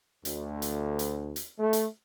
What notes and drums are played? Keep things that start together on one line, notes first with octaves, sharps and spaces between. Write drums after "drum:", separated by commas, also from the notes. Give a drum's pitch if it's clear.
D2, drum: hi-hat
drum: hi-hat
drum: hi-hat
drum: hi-hat
A3
drum: hi-hat